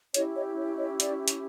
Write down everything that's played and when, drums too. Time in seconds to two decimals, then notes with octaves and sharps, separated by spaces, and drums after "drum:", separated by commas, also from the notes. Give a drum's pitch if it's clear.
0.14 C#4 E4 G4 C#5 D#5, drum: hi-hat
0.35 C#5 D#5
0.57 C#5
0.78 C#5 D#5
1.00 D5, drum: hi-hat
1.28 drum: hi-hat